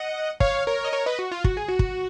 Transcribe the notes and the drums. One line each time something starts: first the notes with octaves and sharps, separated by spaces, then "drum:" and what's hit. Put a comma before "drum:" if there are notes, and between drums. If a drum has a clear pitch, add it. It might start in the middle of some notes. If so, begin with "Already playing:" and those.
Already playing: D#5 F#5
C#5 F5, drum: kick
A#4 C#5
D#5
A#4 C#5
B4 D#5
F#4
F4
F#4, drum: kick
G#4
F#4
drum: kick